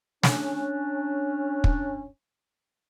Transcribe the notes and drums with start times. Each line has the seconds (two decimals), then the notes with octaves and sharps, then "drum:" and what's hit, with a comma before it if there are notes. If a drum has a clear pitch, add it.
0.23 C#4 D4, drum: snare
1.64 drum: kick